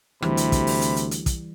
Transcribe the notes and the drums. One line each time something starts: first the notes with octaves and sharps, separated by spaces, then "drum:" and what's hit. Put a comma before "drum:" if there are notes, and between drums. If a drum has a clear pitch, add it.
D2 C3 E3 G3 B5, drum: rim click
drum: hi-hat
drum: kick, hi-hat
drum: open hi-hat
drum: hi-hat
drum: hi-hat
drum: hi-hat
drum: kick, hi-hat